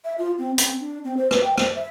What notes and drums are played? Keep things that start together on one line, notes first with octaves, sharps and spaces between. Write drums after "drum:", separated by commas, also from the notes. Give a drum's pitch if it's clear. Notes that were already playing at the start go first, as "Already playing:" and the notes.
E5
F4
C4
C4, drum: hi-hat
D4
C4
C5
B4, drum: rim click
G5
C5, drum: rim click
E5